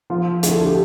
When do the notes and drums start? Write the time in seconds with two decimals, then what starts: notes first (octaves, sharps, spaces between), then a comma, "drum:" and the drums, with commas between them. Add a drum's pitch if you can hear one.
0.10 F3 F4
0.43 D2 E4, drum: hi-hat
0.55 A4
0.65 G4